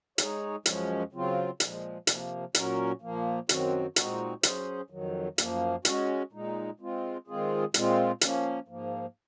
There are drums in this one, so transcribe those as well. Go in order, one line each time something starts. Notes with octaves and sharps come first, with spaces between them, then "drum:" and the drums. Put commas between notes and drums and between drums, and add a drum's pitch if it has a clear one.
G#3 D#4 G#4 C#5, drum: hi-hat
F#2 F3 G#3 C#4, drum: hi-hat
C#3 F#3 C4 F4
A#2 F3 G#3, drum: hi-hat
C3 F3 A#3, drum: hi-hat
A#2 F#3 C#4 F#4 A#4, drum: hi-hat
A#2 F3 A#3
F#2 D#3 F#3 C4 F#4, drum: hi-hat
A#2 G#3 C4 D#4 F#4, drum: hi-hat
F#3 C#4 G#4 C5, drum: hi-hat
F2 D#3 F#3
F#2 F3 A#3, drum: hi-hat
G#3 C#4 F#4, drum: hi-hat
A#2 G#3 D#4
G#3 C4 F4
D#3 G#3 C4 F4 G#4
A#2 G#3 C4 F4, drum: hi-hat
F3 A#3 C#4, drum: hi-hat
G#2 F3 A#3